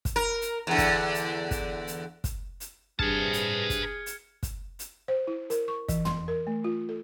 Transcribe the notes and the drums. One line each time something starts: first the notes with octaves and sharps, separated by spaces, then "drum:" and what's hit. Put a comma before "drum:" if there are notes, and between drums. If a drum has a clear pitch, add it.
drum: kick, hi-hat
A#4
drum: hi-hat
E2 D3
drum: kick, hi-hat
drum: hi-hat
drum: kick, hi-hat
drum: hi-hat
drum: kick, hi-hat
drum: hi-hat
G2 C3 G#4 B4 A5 F6 G#6 C#7, drum: kick
drum: hi-hat
drum: kick, hi-hat
drum: hi-hat
drum: kick, hi-hat
drum: hi-hat
C5
E4
A#4, drum: hi-hat
C#6
E3, drum: kick, hi-hat
C6, drum: tom
A#4
A3
F4
A4